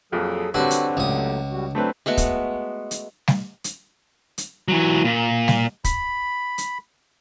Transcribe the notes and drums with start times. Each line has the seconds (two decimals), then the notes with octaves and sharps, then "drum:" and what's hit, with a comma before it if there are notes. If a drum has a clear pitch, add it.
0.12 A#1 F2 F#3 G#4 A4
0.54 D3 G3 C4 D4 F#4 B4 C#5
0.71 drum: hi-hat
0.97 C#2 F#3 A3 D#6
1.51 G3 F#4
1.75 F#3 A3 C4 D4 B4
2.06 G#3 A3 B3 F#4
2.17 drum: kick, hi-hat
2.91 drum: hi-hat
3.28 drum: snare G3
3.64 drum: hi-hat
4.38 drum: hi-hat
4.68 E3 F#3
5.05 A#2
5.48 drum: snare G3
5.84 B5, drum: kick, hi-hat
6.58 drum: hi-hat